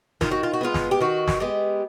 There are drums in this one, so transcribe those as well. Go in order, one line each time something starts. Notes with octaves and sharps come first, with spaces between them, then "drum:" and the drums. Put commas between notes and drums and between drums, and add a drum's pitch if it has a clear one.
D#3 F4, drum: snare
F#4
F4
F#4
G#3 B3 F4
drum: snare
G4
D#3 F#4
drum: snare
G#3 B3 G4